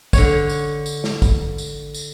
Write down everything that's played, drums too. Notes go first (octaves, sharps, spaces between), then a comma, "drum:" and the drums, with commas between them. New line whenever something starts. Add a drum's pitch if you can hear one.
D3 C#5, drum: kick, tambourine
drum: tambourine
drum: tambourine
drum: snare
drum: kick, tambourine
drum: tambourine
drum: tambourine